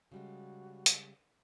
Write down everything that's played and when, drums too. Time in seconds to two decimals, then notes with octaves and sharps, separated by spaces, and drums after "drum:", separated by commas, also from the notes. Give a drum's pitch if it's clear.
0.12 C#3 G3 G#3 F#4
0.86 drum: hi-hat